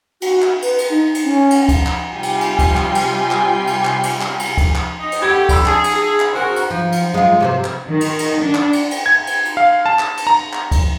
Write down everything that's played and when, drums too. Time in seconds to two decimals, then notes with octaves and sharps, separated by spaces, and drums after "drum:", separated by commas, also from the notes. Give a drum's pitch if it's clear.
0.21 F#4, drum: cymbal
0.42 drum: clap
0.62 B4, drum: cymbal
0.78 drum: cymbal
0.90 D#4
1.14 drum: cymbal
1.25 C#4
1.51 drum: cymbal
1.69 drum: kick, cymbal
1.87 drum: clap
2.11 C3 G3 F4 G5 G#5 C7
2.23 drum: cymbal
2.41 drum: cymbal
2.59 drum: kick, cymbal
2.77 drum: clap
2.95 drum: cymbal
3.31 drum: clap
3.67 drum: cymbal
3.85 drum: clap
4.03 drum: cymbal
4.21 drum: clap
4.39 drum: cymbal
4.58 drum: kick, cymbal
4.76 drum: clap
4.99 D#4
5.12 drum: cymbal
5.22 A3 G4 F#5 B5 G#6
5.49 D5 B5 E6, drum: kick, cymbal
5.66 G#4 G#5 A5, drum: clap
5.84 drum: cymbal
5.94 G#4
6.20 drum: clap
6.33 F#4 G#4 A#4 C5
6.56 drum: cymbal
6.70 F3
6.92 drum: cymbal
7.14 G#3 F4
7.40 C3 F#4 C5
7.64 drum: clap
7.88 D#3
8.01 drum: cymbal
8.19 drum: cymbal
8.42 D4
8.55 drum: clap
8.73 drum: cymbal
8.91 drum: cymbal
9.06 G#6
9.27 drum: cymbal
9.45 drum: cymbal
9.57 F5
9.86 A5
9.99 drum: clap
10.17 drum: cymbal
10.27 A#5
10.53 drum: clap
10.71 drum: kick, cymbal